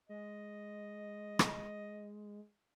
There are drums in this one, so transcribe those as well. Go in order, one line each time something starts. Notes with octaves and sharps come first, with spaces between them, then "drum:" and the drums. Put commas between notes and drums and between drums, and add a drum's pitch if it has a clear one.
G#3 D#5
drum: rim click